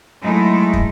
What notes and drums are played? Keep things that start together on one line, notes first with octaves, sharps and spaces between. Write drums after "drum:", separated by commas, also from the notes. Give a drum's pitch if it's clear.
F#3 G#3 A3 D#4 E4
drum: kick